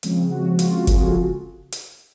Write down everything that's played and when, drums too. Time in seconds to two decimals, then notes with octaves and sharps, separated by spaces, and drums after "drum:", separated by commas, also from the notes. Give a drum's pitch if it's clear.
0.03 C#3 F3 G#3 C4, drum: hi-hat
0.31 F#4
0.59 F4, drum: hi-hat
0.87 G#4, drum: kick, hi-hat
1.02 A4
1.72 drum: hi-hat